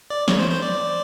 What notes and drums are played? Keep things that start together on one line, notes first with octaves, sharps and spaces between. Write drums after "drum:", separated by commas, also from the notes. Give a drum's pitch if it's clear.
D5
C#5, drum: snare
C5
C5
D5